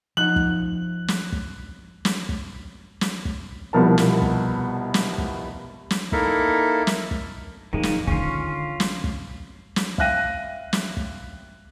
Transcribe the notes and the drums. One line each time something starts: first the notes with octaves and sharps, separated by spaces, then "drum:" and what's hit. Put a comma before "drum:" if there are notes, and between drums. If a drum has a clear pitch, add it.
F3 D#4 F#5 F#6 F#7
drum: kick
drum: snare
drum: kick
drum: snare
drum: kick
drum: snare
drum: kick
C2 B2 F3 A#4 A5
drum: snare
drum: kick
drum: snare
drum: kick
drum: snare
A#3 D#4 E4 A4 A#4 E5, drum: kick
drum: snare
drum: kick
F2 D#3 G#3 A#3
drum: snare
D3 D#3 C#4 F4, drum: kick
drum: snare
drum: kick
drum: snare
E5 F5 G5 F#6 A#6 D#7, drum: kick
drum: snare
drum: kick